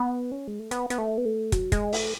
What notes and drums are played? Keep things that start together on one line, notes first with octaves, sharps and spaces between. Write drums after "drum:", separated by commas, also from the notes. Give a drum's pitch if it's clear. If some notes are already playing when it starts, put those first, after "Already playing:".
Already playing: B3
C#4
G#3
A3
B3, drum: hi-hat
B3, drum: hi-hat
A3
B3
A3
F#3, drum: kick, hi-hat
G#3, drum: kick, hi-hat
A3, drum: open hi-hat